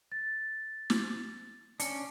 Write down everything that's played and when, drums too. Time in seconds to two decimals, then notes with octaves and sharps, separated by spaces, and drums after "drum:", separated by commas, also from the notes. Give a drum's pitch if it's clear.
0.12 A6
0.90 drum: snare
1.80 C#4 D4 C#7, drum: hi-hat